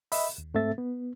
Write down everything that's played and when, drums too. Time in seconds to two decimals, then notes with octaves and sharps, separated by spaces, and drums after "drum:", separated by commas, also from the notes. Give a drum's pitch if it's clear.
0.12 D#5 E5 B5, drum: open hi-hat
0.38 D#2
0.54 G#2 A3 C4 A4 E5 A6
0.78 B3